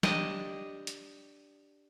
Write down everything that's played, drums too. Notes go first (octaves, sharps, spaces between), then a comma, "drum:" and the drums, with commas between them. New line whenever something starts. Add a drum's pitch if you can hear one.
D4 G4 D#5 A5, drum: snare
drum: hi-hat